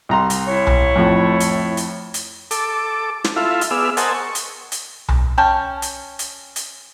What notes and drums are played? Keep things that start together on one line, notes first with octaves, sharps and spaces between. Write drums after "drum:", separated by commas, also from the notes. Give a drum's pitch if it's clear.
C2 A#5 C6
drum: hi-hat
E4 C#5
drum: tom B1
F2 A2
drum: hi-hat
drum: hi-hat
drum: hi-hat
A4 D6, drum: hi-hat
drum: snare
E4 F4 A4 E5 F5
drum: hi-hat
B3 G#4 D5 E5 E6 F6
A#4 C5 D#5 F#5 G#5 A5, drum: hi-hat
C#6
drum: hi-hat
drum: hi-hat
drum: tom B1
C#4 G5 A5
drum: hi-hat
drum: hi-hat
drum: hi-hat